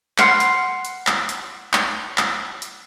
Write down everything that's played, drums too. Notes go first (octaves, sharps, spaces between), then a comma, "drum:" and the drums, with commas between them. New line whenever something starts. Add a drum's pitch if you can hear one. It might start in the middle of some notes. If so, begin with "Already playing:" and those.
F#5 B5 C6 F6, drum: clap
drum: hi-hat
drum: hi-hat
drum: clap
drum: hi-hat
drum: clap
drum: clap
drum: hi-hat